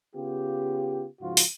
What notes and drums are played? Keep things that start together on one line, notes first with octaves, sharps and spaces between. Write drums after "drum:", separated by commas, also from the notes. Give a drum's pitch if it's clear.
C#3 B3 F4 G4
G#2 C#3 F3 F4 F#4
drum: open hi-hat